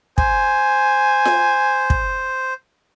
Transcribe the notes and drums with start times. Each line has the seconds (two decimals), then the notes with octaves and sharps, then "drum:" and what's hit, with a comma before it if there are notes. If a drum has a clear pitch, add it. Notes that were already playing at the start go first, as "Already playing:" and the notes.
0.18 C5 G#5, drum: kick
1.25 drum: snare F4
1.90 drum: kick